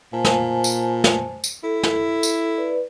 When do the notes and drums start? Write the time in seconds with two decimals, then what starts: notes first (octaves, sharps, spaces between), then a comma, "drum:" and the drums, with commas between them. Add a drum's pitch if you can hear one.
0.13 A#2 C5 G#5 A5
0.25 drum: snare
0.64 drum: tambourine
1.04 drum: snare
1.44 drum: tambourine
1.64 E4 A4
1.83 drum: snare
2.23 drum: tambourine
2.58 B4 D5